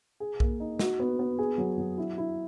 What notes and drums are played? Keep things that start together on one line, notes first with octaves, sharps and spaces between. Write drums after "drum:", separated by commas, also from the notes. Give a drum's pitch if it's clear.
G#4
A#3, drum: kick B1
D#4
F#4, drum: snare
B3
B3
G#4
F#3
F#3
E4
E4